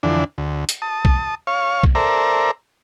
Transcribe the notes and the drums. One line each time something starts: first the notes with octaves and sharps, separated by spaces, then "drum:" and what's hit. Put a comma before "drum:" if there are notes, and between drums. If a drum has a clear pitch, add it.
F2 D3 E3 D4
D2
drum: hi-hat
A5 D#6
drum: kick
C#5 F5 C#6
drum: kick
A4 A#4 C5 D5 E5 A#5